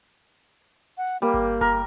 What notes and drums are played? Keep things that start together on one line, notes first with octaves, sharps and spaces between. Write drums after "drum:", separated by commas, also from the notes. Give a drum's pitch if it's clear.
F#5
drum: hi-hat
G3 A#3
drum: kick G1
A#4, drum: kick G1, hi-hat